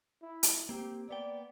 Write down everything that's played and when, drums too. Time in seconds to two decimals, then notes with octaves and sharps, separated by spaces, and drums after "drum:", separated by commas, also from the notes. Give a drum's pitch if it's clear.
0.22 E4
0.43 drum: hi-hat
0.69 A#3 C4 G4
1.09 A#3 B3 D5 G5